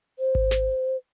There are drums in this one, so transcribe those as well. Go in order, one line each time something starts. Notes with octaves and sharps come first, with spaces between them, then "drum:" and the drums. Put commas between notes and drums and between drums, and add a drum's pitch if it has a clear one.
C5
drum: kick G#1
drum: snare